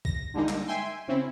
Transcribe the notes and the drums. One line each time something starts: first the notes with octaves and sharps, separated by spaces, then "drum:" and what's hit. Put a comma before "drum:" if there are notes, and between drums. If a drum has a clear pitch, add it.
A#6, drum: kick
D3 G3 G#3 A#3 D#4
drum: clap
E5 G5 G#5 C6
C#3 C4 C#4 E4